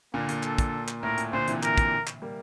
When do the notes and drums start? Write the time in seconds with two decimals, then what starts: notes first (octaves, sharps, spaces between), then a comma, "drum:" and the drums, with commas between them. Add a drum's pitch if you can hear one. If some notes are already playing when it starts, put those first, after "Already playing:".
0.14 A#2 D3 A#3
0.29 A#2, drum: hi-hat
0.43 A4, drum: clap
0.58 drum: kick, hi-hat
0.88 drum: clap
1.03 A2 A#4
1.18 A#2, drum: hi-hat
1.33 A#2 D3 C5
1.48 C3 E3, drum: hi-hat
1.63 A#4, drum: clap
1.78 drum: kick, hi-hat
2.07 drum: clap
2.22 G3 A#3